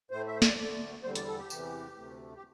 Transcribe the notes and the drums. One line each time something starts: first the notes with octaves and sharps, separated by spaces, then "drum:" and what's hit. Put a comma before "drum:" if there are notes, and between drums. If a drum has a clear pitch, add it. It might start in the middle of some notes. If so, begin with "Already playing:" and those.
A2 A3 C5
E5
C5
D5, drum: snare
D2 D3 A3 D5
E2 D3 G3 C5
D5, drum: hi-hat
A4
G4
E2 C3 E3, drum: tambourine
D2 C3 A3
G4